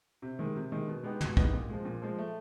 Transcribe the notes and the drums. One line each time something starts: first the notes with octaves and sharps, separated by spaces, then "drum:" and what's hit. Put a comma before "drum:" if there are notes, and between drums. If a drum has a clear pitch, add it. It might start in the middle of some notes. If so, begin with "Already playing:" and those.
C3
D#3 G#3
C3
D#3 G#3
B2
G#3 B3 D#4 G4
B2, drum: tom
G#3 B3 D#4 G4, drum: kick
A#2
F3 G#3
A#2
F3 G#3
A3